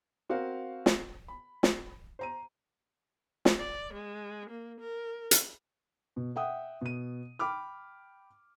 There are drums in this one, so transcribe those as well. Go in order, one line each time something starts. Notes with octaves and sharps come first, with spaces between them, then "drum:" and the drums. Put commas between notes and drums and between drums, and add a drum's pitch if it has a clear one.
C4 F#4 A#4 F5 F#5
drum: snare
B5
drum: snare
C5 A#5 D#7
drum: snare
D5
G#3
A#3
A#4
drum: hi-hat
B2
E5 F#5 G5 D#6
B2 D#7
G5 B5 D6 F6